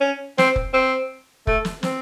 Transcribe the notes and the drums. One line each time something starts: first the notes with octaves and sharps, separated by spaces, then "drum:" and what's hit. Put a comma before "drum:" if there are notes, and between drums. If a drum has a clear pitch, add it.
C#4
C4, drum: snare
drum: kick
C4
A3, drum: kick
drum: snare
C4, drum: snare